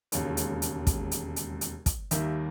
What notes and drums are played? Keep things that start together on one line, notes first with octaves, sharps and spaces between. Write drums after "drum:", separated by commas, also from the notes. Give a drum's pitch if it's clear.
E1 D#2 C#3 G#3 C#5, drum: hi-hat
drum: hi-hat
drum: hi-hat
drum: kick, hi-hat
drum: hi-hat
drum: hi-hat
drum: hi-hat
drum: kick, hi-hat
D#2 D#3 G3 A#3 E5, drum: hi-hat